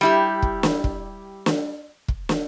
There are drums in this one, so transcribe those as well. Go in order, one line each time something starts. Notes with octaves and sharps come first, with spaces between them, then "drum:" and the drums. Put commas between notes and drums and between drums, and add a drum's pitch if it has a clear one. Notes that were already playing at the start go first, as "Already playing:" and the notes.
G3 E4 G4
drum: kick
drum: snare
drum: kick
drum: snare
drum: kick
drum: snare